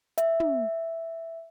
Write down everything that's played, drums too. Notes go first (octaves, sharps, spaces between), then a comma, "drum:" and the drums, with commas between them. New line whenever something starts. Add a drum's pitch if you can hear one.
E5, drum: hi-hat
drum: tom